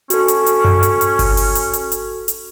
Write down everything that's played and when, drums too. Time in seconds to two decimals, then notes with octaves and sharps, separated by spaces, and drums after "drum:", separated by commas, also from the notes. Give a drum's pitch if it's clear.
0.10 C#4 F#4 A4, drum: hi-hat
0.28 drum: hi-hat
0.46 drum: hi-hat
0.65 drum: tom F#2
0.83 drum: hi-hat
1.01 drum: hi-hat
1.19 drum: kick G1, open hi-hat
1.37 drum: open hi-hat
1.55 drum: hi-hat
1.73 drum: hi-hat
1.92 drum: hi-hat
2.28 drum: hi-hat